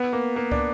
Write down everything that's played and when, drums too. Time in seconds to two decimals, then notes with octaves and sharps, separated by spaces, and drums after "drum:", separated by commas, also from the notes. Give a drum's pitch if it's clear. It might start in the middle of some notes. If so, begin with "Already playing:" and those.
Already playing: B3
0.13 A#3
0.36 A#3
0.52 D4, drum: kick